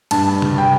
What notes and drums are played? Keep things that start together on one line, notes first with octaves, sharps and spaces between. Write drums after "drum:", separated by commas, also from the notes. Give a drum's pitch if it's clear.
G2 A5, drum: cymbal
drum: tom C3
G5